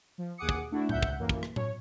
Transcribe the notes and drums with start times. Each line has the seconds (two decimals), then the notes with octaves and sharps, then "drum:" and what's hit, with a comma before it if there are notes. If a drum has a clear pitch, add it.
0.18 F3
0.38 D#2 G#4 F#5 D6 D#6 C#7
0.49 drum: kick
0.71 A3 D4 E4 F#4
0.89 C#2 E5 F#5 G6, drum: tom A2
1.03 drum: kick
1.18 A1 F#2 E3 A#3
1.29 drum: kick
1.43 drum: rim click
1.56 C#5, drum: tom A2